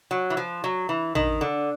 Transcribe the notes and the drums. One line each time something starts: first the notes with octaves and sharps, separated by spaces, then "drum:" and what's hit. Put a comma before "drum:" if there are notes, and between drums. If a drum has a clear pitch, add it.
F#3
E3
F3
F#3
E3
D#3, drum: tom
D3